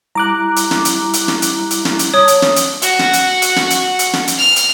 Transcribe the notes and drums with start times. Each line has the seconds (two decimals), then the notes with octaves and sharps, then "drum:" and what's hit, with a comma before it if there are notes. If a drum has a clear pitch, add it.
0.15 G3 E4 A#5 D6 F#6
0.57 drum: hi-hat
0.71 drum: snare
0.85 drum: hi-hat
1.14 drum: hi-hat
1.28 drum: snare
1.42 drum: hi-hat
1.71 drum: hi-hat
1.85 drum: snare
1.99 drum: hi-hat
2.14 C#5 A5 D#6
2.28 drum: hi-hat
2.42 drum: snare
2.56 drum: hi-hat
2.82 F#4, drum: hi-hat
2.99 drum: snare
3.14 drum: hi-hat
3.42 drum: hi-hat
3.56 drum: snare
3.71 drum: hi-hat
3.99 drum: hi-hat
4.13 drum: snare
4.28 drum: hi-hat
4.38 F6
4.56 drum: hi-hat